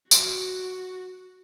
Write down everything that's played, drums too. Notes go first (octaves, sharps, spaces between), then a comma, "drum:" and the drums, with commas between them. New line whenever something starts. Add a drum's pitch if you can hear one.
F#4, drum: tambourine